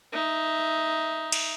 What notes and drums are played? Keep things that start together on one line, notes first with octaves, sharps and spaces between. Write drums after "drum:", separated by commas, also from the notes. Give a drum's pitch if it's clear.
D#4 E5
drum: cymbal